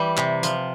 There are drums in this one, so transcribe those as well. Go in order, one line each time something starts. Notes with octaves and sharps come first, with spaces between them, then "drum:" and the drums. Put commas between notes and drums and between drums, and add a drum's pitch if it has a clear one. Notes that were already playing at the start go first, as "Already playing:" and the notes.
Already playing: E3 G3
C3, drum: clap
F3, drum: hi-hat